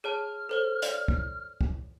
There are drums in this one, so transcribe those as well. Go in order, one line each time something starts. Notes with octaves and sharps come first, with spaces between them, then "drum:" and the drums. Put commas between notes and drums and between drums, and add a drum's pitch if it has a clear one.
G#4 C#5 A5 F6
A4 C5 C#5
C#5 D5 F7, drum: hi-hat
drum: kick
drum: kick